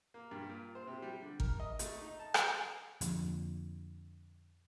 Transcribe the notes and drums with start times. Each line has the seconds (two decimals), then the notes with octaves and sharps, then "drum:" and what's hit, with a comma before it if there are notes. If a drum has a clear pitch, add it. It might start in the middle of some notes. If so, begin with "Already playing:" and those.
0.14 A#3
0.31 G2
0.49 A#2
0.75 C5
0.87 C3
1.02 G3
1.22 D3
1.40 A#4, drum: kick
1.60 D#5
1.79 A3, drum: hi-hat
2.01 D#4
2.19 A5
2.34 drum: rim click
3.01 F2 A#2 D3, drum: hi-hat